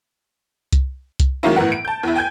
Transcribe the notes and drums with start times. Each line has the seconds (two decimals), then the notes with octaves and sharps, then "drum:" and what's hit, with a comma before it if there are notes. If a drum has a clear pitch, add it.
0.73 drum: kick C2, hi-hat
1.20 drum: kick C2, hi-hat
1.43 D#3 F#3 G#3 A#3 C#4 E4
1.56 A2 E3 B3 A#4 F#5
1.72 D7
1.85 A5 G6
2.03 E2 E4
2.16 G5 G#5 G6 G#6